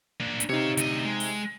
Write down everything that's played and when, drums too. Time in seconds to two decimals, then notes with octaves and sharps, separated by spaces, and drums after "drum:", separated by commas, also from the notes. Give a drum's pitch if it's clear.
0.20 A#3 D4
0.40 drum: hi-hat
0.49 C3 D#4 C#5 F5
0.78 D2 D#5, drum: hi-hat
1.05 G#3
1.20 drum: open hi-hat